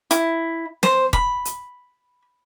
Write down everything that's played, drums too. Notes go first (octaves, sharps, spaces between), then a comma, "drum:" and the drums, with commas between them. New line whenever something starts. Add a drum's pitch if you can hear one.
E4, drum: hi-hat
C5, drum: snare
B5, drum: kick E1
drum: hi-hat